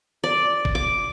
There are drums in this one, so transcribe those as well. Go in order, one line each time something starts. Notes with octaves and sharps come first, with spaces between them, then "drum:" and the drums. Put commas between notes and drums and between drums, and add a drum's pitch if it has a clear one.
D5
drum: kick G#1
D6